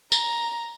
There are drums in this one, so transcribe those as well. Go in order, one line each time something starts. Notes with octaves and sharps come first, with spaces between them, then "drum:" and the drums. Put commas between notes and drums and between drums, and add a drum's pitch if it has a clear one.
A#5, drum: tambourine